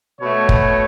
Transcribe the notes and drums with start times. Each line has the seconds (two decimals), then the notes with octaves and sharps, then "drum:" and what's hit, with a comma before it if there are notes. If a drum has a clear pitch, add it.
0.21 B2 A3 C#5
0.49 drum: kick